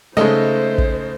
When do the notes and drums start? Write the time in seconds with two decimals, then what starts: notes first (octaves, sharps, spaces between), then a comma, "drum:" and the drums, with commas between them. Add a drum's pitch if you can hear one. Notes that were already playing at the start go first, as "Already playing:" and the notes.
0.17 C#3 G#3 A3 D#4 A4 C5 D#5
0.78 drum: kick